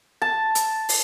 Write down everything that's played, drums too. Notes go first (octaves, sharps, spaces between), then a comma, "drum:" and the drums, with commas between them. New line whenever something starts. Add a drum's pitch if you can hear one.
A5
drum: hi-hat
drum: open hi-hat